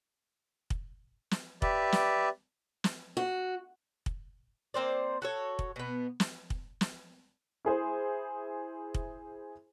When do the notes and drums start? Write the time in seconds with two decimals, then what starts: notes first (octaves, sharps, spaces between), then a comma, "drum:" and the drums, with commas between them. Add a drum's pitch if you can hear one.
0.70 drum: kick
1.31 drum: snare
1.62 G4 B4 D5 E5, drum: kick
1.92 drum: snare
2.84 drum: snare
3.17 F#4
4.06 drum: kick
4.74 A#3 C4 C5 D5
5.22 F#4 A4 C#5
5.59 drum: kick
5.76 B2 B3
6.20 drum: snare
6.50 drum: kick
6.81 drum: snare
7.65 E4 G#4 C5
8.94 drum: kick